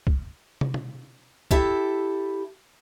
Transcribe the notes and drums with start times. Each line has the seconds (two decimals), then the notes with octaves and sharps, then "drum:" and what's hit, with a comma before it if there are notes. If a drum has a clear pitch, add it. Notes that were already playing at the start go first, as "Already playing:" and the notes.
0.07 drum: kick
0.61 drum: tom
0.74 drum: tom
1.51 E4 G4 A4 E5, drum: kick